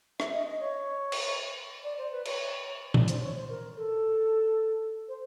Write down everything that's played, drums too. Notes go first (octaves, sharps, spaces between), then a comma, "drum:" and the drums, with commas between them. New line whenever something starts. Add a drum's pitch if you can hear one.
E5, drum: rim click
D#5
D#5
C#5
drum: cymbal
D5
C5
B4
C#5, drum: cymbal
D5, drum: tom A#2
C5, drum: hi-hat
C#5
C5
A#4
A4
C5